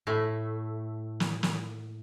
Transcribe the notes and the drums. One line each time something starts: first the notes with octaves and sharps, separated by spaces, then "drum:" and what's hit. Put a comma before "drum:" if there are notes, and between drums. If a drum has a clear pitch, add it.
A2 A3
drum: snare
drum: snare